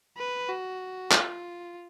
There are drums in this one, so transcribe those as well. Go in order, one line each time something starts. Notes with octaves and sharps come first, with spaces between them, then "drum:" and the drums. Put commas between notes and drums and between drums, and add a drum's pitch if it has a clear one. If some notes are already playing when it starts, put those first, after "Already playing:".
B4
F#4
F4, drum: clap